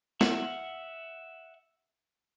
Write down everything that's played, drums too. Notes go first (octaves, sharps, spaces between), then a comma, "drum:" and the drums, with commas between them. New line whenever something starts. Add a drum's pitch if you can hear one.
E5 F#5, drum: snare